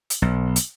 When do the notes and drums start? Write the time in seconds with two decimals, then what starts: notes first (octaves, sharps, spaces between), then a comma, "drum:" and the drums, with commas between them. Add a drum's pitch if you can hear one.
0.10 drum: hi-hat
0.22 B1
0.56 drum: hi-hat